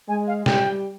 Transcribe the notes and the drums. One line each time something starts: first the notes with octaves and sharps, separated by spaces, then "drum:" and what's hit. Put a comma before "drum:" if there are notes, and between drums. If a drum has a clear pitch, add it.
G#3 G#5
F5
G3 G5, drum: snare